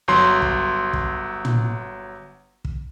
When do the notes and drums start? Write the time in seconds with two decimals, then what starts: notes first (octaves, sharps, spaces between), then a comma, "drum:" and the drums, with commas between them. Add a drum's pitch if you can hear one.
0.08 G1 F#3 C6
0.42 drum: kick
0.93 drum: kick
1.45 drum: tom
2.65 drum: kick